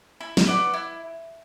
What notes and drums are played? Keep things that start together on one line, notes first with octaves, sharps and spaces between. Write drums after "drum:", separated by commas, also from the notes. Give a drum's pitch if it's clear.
E4
drum: snare
B4 D5 F#5
E4